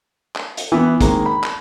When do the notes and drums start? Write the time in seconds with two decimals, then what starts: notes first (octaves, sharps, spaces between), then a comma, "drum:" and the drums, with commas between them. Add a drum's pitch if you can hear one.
0.36 drum: clap
0.57 drum: hi-hat
0.72 E3 B3
1.01 D#3 G#3 A#3 C4, drum: kick, hi-hat
1.26 B5
1.44 drum: clap